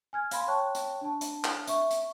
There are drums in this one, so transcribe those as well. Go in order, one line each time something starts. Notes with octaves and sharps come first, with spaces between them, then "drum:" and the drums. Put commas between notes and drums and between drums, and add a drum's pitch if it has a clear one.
G#5 F6 G#6
F5 B5 C6, drum: hi-hat
C#5 G5 A5 C#6 F#6
drum: hi-hat
D4 A5
drum: hi-hat
drum: clap
E5 C#6, drum: hi-hat
drum: hi-hat